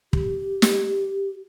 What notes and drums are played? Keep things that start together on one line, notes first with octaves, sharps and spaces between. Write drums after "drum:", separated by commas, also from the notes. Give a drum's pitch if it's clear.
G4, drum: kick
drum: snare